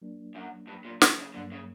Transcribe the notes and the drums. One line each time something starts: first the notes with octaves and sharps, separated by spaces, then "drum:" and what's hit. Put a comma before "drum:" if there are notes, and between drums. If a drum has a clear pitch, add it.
F#3 A#3 D4
F#2
G2
A#2
C#3, drum: snare
C#3
G2 D3 F#3 A#3
C#3